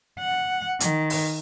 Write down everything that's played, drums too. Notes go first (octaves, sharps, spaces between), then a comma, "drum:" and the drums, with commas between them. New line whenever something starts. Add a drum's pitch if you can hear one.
F#5
D#3, drum: hi-hat
drum: open hi-hat